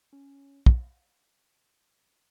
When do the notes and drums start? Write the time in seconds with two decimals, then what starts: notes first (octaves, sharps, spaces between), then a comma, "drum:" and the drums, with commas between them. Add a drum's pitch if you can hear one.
0.13 C#4
0.66 drum: kick